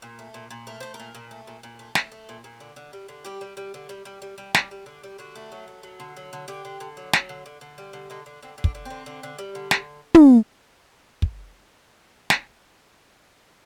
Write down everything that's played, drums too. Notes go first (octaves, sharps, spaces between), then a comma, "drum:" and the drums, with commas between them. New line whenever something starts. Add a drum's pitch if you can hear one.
A#2
A3
A#2
A#2
A3 A#4
A3 C5
A#4
A#2
A#2
A3
A#2
A#2
A3
A3 A4, drum: snare
A3
A#2
A#2
D3
D3
G3
D3
G3 G4
G3
G3
D3
G3
G3
G3
G3
G3, drum: snare
G3
D3
G3
D3 F#4
A3
F#3
A3
F#3
D3
F#3
D3
D3 G4
D3
D3
F#3
F#3, drum: snare
D3
D3
D3
G3
D3
D3 D#4
D3
D3 C4
D3
D4, drum: kick
D3
D3 C4
D3
D3
G3
D3
D3, drum: snare
drum: tom
drum: kick
drum: snare